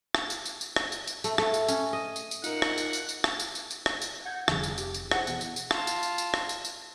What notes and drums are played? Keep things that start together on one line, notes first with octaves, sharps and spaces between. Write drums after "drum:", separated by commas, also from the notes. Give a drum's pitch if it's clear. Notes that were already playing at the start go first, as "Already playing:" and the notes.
drum: rim click
drum: tambourine
drum: tambourine
drum: tambourine
drum: rim click
drum: tambourine
drum: tambourine
A3, drum: tambourine
A3, drum: rim click
drum: tambourine
C#4, drum: tambourine
D#5
drum: tambourine
drum: tambourine
D#4 F4 A#4 F#5, drum: tambourine
drum: rim click
drum: tambourine
drum: tambourine
drum: tambourine
drum: rim click
drum: tambourine
drum: tambourine
drum: tambourine
drum: rim click
drum: tambourine
F#5 G6 G#6
F1 D3 F3 G3 G#4, drum: rim click
drum: tambourine
G4, drum: tambourine
drum: tambourine
E4 G#4 C5 F#5, drum: rim click
B2 E3, drum: tambourine
drum: tambourine
drum: tambourine
F4 A5, drum: rim click
drum: tambourine
drum: tambourine
drum: tambourine
drum: rim click
drum: tambourine
drum: tambourine